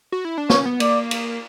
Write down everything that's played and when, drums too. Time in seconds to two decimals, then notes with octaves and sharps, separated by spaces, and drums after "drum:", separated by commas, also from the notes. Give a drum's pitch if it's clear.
0.12 F#4
0.25 E4
0.38 D4
0.50 C#4 C#5, drum: snare
0.65 B3
0.80 A#3 D5, drum: cymbal
1.11 drum: cymbal